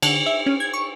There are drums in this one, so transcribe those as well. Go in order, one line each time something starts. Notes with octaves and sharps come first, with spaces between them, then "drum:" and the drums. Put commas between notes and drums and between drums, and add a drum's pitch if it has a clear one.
D3, drum: cymbal
E5
C#4
G#6
C#6